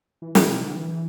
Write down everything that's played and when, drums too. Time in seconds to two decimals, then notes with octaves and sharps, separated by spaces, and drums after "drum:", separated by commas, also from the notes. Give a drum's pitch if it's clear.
0.22 E3
0.35 E3, drum: snare
0.49 B2
0.62 D3
0.75 E3